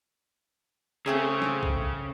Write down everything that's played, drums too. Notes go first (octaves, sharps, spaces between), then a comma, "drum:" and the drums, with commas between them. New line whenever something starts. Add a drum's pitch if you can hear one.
C#3 A3 C4 G#4
drum: snare
drum: kick B1